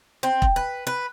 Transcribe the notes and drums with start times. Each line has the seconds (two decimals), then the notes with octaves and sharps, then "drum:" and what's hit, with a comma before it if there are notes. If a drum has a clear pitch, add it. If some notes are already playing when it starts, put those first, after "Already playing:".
0.23 C4
0.42 drum: kick E1
0.56 B4
0.87 B4